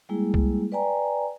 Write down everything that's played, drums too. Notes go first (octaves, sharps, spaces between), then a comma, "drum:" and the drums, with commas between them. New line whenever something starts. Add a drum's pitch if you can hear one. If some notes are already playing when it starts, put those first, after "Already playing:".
G3 G#3 A#3 E4 G#4
drum: kick C2
B4 D5 G5 G#5 A#5